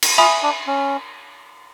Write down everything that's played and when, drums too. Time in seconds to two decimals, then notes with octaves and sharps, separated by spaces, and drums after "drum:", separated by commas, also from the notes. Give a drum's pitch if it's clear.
0.02 drum: cymbal
0.18 F4 E5 G#5 B5 D#6
0.43 D4
0.67 C#4